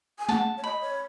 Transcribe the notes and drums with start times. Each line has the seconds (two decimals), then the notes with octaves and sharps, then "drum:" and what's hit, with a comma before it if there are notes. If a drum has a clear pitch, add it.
0.19 G#5
0.29 F#5 A5, drum: snare
0.57 C#5
0.64 D#5 B5
0.81 C#5